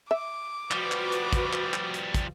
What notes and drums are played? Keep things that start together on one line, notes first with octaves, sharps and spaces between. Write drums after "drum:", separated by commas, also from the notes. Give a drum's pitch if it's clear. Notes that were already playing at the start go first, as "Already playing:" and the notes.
E5 D6
F3 G3 F#4 B4, drum: clap
drum: clap
drum: hi-hat
drum: kick, hi-hat
drum: clap
drum: clap
drum: hi-hat
drum: kick, hi-hat